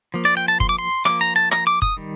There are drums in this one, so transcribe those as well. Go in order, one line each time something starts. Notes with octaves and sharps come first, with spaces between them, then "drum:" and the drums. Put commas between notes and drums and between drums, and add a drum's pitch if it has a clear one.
F3 A#3
D5
G5
A5
C6, drum: kick F#1
D6
C6
F3 A#3 D6, drum: rim click
A#5
A5
A#5, drum: rim click
D6
D#6, drum: kick F#1
D#3 G3